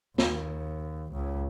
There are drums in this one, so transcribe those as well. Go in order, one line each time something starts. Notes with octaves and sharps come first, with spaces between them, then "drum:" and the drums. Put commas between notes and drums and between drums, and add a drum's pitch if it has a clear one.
D#2, drum: snare
C#2